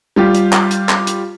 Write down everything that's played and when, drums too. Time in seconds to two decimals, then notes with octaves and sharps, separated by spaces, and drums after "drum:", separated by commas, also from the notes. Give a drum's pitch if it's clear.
0.16 G3 F4 G4
0.35 drum: hi-hat
0.53 drum: clap
0.71 drum: hi-hat
0.89 drum: clap
1.07 drum: hi-hat